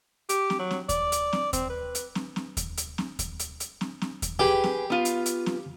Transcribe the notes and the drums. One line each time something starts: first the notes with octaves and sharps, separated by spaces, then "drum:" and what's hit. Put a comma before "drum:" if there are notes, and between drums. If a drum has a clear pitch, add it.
G4, drum: hi-hat
drum: snare
F#3
drum: snare
D5, drum: kick D#2, hi-hat
drum: hi-hat
drum: snare
C4, drum: kick D#2, hi-hat
B4
drum: hi-hat
drum: snare
drum: snare
drum: kick D#2, hi-hat
drum: hi-hat
drum: snare
drum: kick D#2, hi-hat
drum: hi-hat
drum: hi-hat
drum: snare
drum: snare
drum: kick D#2, hi-hat
G4 G#4 B4 G5
drum: snare
B3 F4
drum: hi-hat
drum: hi-hat
drum: snare